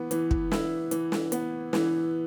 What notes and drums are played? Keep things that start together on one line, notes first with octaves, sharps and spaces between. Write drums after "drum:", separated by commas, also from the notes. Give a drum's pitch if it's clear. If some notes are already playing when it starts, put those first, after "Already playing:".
Already playing: E3 B3
E3, drum: hi-hat
drum: kick
E4, drum: snare
E3, drum: hi-hat
drum: snare
B3, drum: hi-hat
E3, drum: snare